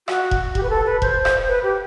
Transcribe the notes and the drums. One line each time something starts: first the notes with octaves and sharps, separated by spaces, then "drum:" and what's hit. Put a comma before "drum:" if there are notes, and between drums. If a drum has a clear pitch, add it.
F#4, drum: rim click
drum: kick E1
G4, drum: kick E1
B4
A4
B4
C5, drum: kick E1
drum: rim click
B4
G4